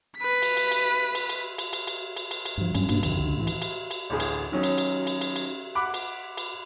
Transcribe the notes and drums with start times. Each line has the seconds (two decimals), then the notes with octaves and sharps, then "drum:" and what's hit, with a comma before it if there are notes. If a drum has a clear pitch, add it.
0.17 B4 B6
0.42 drum: cymbal
0.57 drum: cymbal
0.71 drum: cymbal
1.15 drum: cymbal
1.29 drum: cymbal
1.58 drum: cymbal
1.73 drum: cymbal
1.87 drum: cymbal
2.17 drum: cymbal
2.31 drum: cymbal
2.46 drum: cymbal
2.57 G2 F3
2.75 G2 F#3 G3 C#4, drum: cymbal
2.89 G2 B2 A#3 D4, drum: cymbal
3.03 B1 F2 D3 D#3, drum: cymbal
3.20 C#2 D3
3.36 A2 E3
3.47 drum: cymbal
3.62 drum: cymbal
3.91 drum: cymbal
4.10 A1 D2 G#4
4.20 drum: cymbal
4.52 D#3 F#3 C#4 D#4
4.63 drum: cymbal
4.78 drum: cymbal
5.07 drum: cymbal
5.21 drum: cymbal
5.36 drum: cymbal
5.75 F#5 B5 D6 F#6
5.94 drum: cymbal
6.37 drum: cymbal